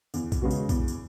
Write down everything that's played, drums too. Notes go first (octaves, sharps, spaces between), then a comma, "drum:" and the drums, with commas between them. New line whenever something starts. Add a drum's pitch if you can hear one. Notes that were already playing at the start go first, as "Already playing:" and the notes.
E2, drum: tambourine
drum: kick, tambourine
C#3 G#3 B3 F#4
drum: tambourine
E2, drum: kick, tambourine
drum: tambourine